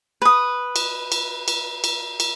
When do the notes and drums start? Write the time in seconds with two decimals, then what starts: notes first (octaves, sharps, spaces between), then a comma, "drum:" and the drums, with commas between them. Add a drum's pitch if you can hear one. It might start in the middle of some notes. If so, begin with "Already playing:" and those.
0.22 B4 D#6
0.76 drum: cymbal
1.12 drum: cymbal
1.48 drum: cymbal
1.84 drum: cymbal
2.20 drum: cymbal